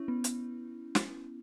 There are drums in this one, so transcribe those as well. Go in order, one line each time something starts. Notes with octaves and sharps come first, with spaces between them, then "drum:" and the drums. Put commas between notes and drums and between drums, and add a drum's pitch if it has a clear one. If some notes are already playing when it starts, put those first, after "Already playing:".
Already playing: C#4 E4
B3
drum: hi-hat
drum: snare